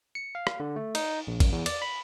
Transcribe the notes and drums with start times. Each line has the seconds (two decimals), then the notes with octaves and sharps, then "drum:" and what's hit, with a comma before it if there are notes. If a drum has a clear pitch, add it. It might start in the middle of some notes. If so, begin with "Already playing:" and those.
0.15 C#7
0.35 F5
0.47 drum: rim click
0.60 D3
0.76 A3
0.95 D#4, drum: cymbal
1.27 A#1
1.40 F#2, drum: kick, cymbal
1.52 E2
1.66 D5, drum: cymbal
1.82 B5